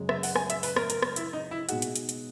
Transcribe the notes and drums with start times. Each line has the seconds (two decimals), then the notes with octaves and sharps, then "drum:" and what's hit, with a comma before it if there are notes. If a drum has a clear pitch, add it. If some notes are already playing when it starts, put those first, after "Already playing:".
Already playing: F#2 C#3 G#3
0.09 E5, drum: rim click
0.23 F#5, drum: open hi-hat
0.36 G#5, drum: rim click
0.50 E5, drum: hi-hat
0.63 B4, drum: open hi-hat
0.76 A#4, drum: rim click
0.90 A#4, drum: hi-hat
1.02 drum: rim click
1.16 E4, drum: hi-hat
1.33 D#4
1.51 E4
1.69 B2 G#3 D#4 F#4 G#4, drum: hi-hat
1.82 drum: hi-hat
1.96 drum: hi-hat
2.09 drum: hi-hat